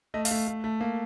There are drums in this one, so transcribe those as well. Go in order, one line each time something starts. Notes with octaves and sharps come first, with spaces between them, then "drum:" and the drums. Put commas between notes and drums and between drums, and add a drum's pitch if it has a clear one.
A3 D#5
F5, drum: open hi-hat
A3
A3
A3
A#3